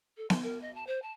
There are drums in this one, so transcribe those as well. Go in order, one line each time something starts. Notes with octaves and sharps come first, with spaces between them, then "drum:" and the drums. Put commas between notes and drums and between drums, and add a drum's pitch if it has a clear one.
A4
C6, drum: snare B3
A#4
D#5
A5
C5
A5